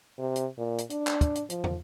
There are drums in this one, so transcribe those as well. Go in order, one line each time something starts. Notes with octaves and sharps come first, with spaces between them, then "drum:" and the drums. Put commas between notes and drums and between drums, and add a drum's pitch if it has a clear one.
C3
drum: hi-hat
A#2
drum: hi-hat
D4, drum: hi-hat
drum: clap
drum: kick, hi-hat
drum: hi-hat
F3, drum: hi-hat
drum: tom